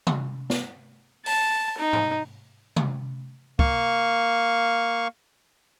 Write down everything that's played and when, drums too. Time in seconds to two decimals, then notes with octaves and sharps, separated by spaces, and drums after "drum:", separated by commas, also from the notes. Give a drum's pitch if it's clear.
0.07 drum: tom C3
0.50 drum: snare
1.26 A5, drum: open hi-hat
1.78 D#4
1.93 drum: tom G#2
2.76 drum: tom C3
3.59 A#3 F5 C#6, drum: kick